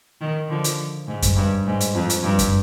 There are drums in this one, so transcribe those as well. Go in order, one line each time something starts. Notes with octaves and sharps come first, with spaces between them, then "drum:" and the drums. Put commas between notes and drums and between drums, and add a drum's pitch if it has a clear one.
D#3
D3 F3
drum: hi-hat
G#2
drum: kick F#2, hi-hat
G2
G#2
drum: hi-hat
F2
drum: hi-hat
G2
drum: kick F#2, hi-hat